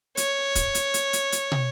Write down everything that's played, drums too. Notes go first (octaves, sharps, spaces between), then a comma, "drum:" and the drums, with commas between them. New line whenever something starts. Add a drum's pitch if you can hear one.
C#5, drum: hi-hat
drum: kick, hi-hat
drum: hi-hat
drum: hi-hat
drum: hi-hat
drum: hi-hat
drum: tom